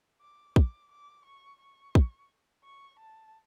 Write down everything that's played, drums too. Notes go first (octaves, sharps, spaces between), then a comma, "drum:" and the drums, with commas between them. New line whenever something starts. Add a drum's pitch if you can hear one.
D6
D6, drum: kick
D6
C#6
C#6
drum: kick
C#6
A5